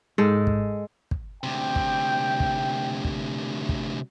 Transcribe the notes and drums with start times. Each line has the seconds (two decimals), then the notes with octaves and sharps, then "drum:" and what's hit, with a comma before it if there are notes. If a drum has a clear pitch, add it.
0.18 G#2 G#3 A4
0.47 drum: kick
1.11 drum: kick
1.44 D2 C3 G5
1.76 drum: kick
2.40 drum: kick
3.05 drum: kick
3.69 drum: kick